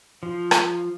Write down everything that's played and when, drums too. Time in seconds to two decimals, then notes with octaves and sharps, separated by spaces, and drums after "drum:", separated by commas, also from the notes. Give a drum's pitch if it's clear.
0.23 F3
0.51 drum: rim click